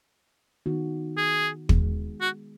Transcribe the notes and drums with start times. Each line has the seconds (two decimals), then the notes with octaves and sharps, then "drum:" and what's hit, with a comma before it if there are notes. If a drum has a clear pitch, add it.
0.66 D#3 B3 D#4 F#4
1.17 G#4
1.69 G#3 B3 G#4, drum: kick
2.21 F#4